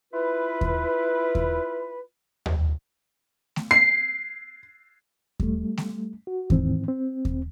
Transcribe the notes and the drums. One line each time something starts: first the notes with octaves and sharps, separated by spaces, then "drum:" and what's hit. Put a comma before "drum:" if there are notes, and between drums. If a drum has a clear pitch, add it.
E4 F4 B4
drum: kick D#2
drum: kick D#2
drum: tom D#2
drum: snare A3
C7
G3 A3, drum: kick D#2
drum: snare A3
F#4
G#2 D#3 E3 C4, drum: kick D#2
C4
drum: kick D#2